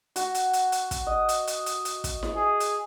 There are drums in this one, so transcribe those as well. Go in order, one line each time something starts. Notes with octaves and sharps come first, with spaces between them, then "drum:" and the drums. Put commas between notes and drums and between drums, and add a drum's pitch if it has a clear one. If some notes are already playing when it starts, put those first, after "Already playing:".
F#4, drum: hi-hat
drum: hi-hat
drum: hi-hat
drum: hi-hat
drum: kick, hi-hat
D#5
drum: hi-hat
drum: hi-hat
drum: hi-hat
drum: hi-hat
drum: kick, hi-hat
drum: snare E4
G#4
drum: hi-hat